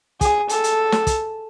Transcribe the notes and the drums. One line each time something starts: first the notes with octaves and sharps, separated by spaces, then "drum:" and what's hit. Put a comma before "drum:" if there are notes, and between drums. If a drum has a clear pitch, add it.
G#4, drum: kick, hi-hat
A4, drum: hi-hat
drum: hi-hat
drum: snare
drum: kick, hi-hat